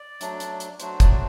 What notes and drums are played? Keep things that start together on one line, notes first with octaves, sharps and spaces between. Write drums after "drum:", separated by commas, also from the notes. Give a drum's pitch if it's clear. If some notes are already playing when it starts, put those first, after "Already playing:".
Already playing: D5
F#3 A3 D4, drum: hi-hat
drum: hi-hat
drum: hi-hat
F#3 A3 D4 F#4 C5, drum: hi-hat
D5, drum: kick, hi-hat
C5